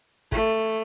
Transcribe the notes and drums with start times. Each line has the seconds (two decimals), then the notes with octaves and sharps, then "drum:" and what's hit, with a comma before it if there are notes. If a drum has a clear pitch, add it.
0.32 A3, drum: kick